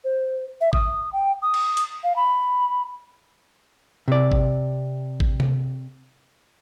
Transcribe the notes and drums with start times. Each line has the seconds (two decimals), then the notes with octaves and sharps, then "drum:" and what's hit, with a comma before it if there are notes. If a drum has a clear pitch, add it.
0.04 C5
0.61 E5
0.73 D#6, drum: kick G#1
1.13 G5
1.42 D#6
1.54 drum: cymbal
1.77 drum: hi-hat
2.04 F5
2.16 B5
4.08 C3 D5
4.32 drum: kick G#1
5.20 drum: kick G#1
5.40 drum: tom C3